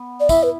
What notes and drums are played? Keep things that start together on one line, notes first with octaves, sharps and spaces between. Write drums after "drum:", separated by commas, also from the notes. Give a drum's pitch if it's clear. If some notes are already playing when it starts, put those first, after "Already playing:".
Already playing: B3
D5
E4 E5, drum: kick, tambourine
B4